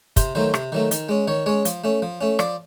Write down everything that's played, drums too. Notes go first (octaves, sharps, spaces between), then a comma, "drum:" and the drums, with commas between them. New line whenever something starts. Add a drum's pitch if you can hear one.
C3 C5, drum: kick, hi-hat
D#3 F#3 A3 C5
C3, drum: rim click
D#3 F#3 A3
D#3, drum: hi-hat
G#3 C#4
D#3 C#5
G#3 C#4 C#5
F3, drum: hi-hat
A3 C#4
F3
A3 C#4
F3 D5, drum: rim click